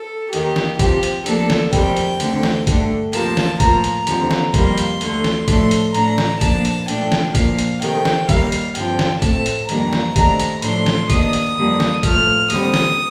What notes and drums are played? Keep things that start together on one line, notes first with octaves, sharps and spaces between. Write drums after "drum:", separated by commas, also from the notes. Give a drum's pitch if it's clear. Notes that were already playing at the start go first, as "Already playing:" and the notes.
Already playing: A4
D#2 D#3 A#3 G4, drum: hi-hat
drum: snare
C3 F3 C4 G4, drum: kick, hi-hat
drum: hi-hat
D2 C3 F3 A#3 D4 A4, drum: hi-hat
drum: snare
F2 C3 D#3 G3 G5, drum: kick, hi-hat
drum: hi-hat
D2 D3 A3 C4, drum: hi-hat
drum: snare
G2 D3 A3 D4, drum: kick, hi-hat
D2 C3 F3 A#3 A5, drum: hi-hat
drum: snare
A2 F3 A#3 A#5, drum: kick, hi-hat
drum: hi-hat
D#2 D3 F3 C4, drum: hi-hat
drum: snare
F2 D#3 G3 A#3 C6, drum: kick, hi-hat
drum: hi-hat
D2 D3 A3, drum: hi-hat
drum: snare
A2 F3 A3 D4 C6, drum: kick, hi-hat
drum: hi-hat
A2 A3 D4 A#5, drum: hi-hat
drum: snare
A#2 F3 A#3 D4 A5, drum: kick, hi-hat
drum: hi-hat
A#2 F3 A3 D4 G5, drum: hi-hat
drum: snare
A#2 F3 A#3 D4 F5, drum: kick, hi-hat
drum: hi-hat
C3 D#3 A3 G5, drum: hi-hat
drum: snare
D#2 D#3 G3 A#3 F5, drum: kick, hi-hat
drum: hi-hat
G2 D3 F3 C4 G5, drum: hi-hat
drum: snare
A2 A3 C4 A5, drum: kick, hi-hat
drum: hi-hat
F2 D#3 G3 A#3 D4 A#5, drum: hi-hat
drum: snare
C3 D#3 A3 D4 A#5, drum: kick, hi-hat
drum: hi-hat
A2 F3 A3 D4 C6, drum: hi-hat
drum: snare
D#2 D#3 A#3 D4 D#6, drum: kick, hi-hat
drum: hi-hat
F2 D3 G3 A#3 D4
drum: snare
A2 F3 A3 F6, drum: kick, hi-hat
D#2 D3 G3 C4 D#6, drum: hi-hat
drum: snare